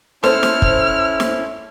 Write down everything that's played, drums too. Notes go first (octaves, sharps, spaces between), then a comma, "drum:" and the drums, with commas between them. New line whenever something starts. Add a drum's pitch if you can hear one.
C#4 E4 A4 C5 F6, drum: snare
drum: snare
drum: kick
drum: snare